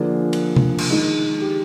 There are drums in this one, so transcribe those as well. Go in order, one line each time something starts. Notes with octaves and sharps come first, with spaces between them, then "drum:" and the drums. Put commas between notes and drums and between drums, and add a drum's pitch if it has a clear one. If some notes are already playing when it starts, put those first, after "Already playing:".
Already playing: D3 F3 A#3 D4 G#4
drum: cymbal
drum: tom
drum: cymbal
D#3 G#3 D#4
G4